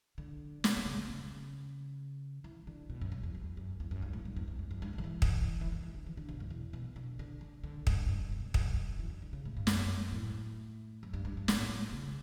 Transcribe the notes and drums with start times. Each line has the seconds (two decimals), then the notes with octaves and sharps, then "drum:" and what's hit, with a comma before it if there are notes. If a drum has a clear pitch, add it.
0.18 D3
0.64 B2, drum: snare
0.77 B2
0.86 C#3
1.00 D3
1.09 C#3
2.44 E3
2.67 D3
2.90 B2
3.01 F#2
3.12 F#2
3.23 E2
3.35 E2
3.57 F#2
3.80 E2
3.91 F#2
4.02 G2
4.13 A2
4.25 G2
4.36 E2
4.48 E2
4.59 F#2
4.71 F#2
4.82 G2
4.93 B2
4.98 D3
5.04 E3
5.22 drum: kick
5.61 E3
5.72 D3
5.83 E3
5.94 D3
6.06 E3
6.17 D3
6.29 B2
6.40 F#2
6.50 E2
6.73 B2
6.96 D3
7.19 D3
7.41 D3
7.64 D3
7.87 G2, drum: kick
8.09 F#2
8.32 B2
8.54 F#2, drum: kick
8.99 E3
9.10 D3
9.22 D3
9.33 C#3
9.45 A2
9.57 G2
9.67 F#2, drum: snare
10.12 A2
11.03 F#2
11.14 G2
11.25 G2
11.37 G2
11.48 A2, drum: snare
11.93 C#3